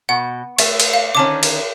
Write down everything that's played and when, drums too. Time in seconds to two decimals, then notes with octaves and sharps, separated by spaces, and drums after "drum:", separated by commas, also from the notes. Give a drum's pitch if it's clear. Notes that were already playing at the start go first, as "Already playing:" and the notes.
0.09 B2 F#5
0.59 A3 E5, drum: cymbal
0.80 drum: cymbal
0.94 F5
1.15 D3 D#3 C#4 A5 D6
1.43 drum: cymbal